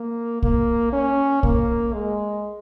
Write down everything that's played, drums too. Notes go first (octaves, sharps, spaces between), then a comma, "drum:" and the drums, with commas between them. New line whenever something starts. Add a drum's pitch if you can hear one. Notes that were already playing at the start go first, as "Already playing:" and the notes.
Already playing: A#3
A#3, drum: kick
C#4
A#3, drum: kick
G#3